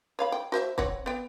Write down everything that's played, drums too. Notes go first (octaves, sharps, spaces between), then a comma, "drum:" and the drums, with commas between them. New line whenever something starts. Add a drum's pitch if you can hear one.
C#5 F5 B5
G5
F#4 C5 E5
C4 C#5 F#5, drum: kick
B3 G5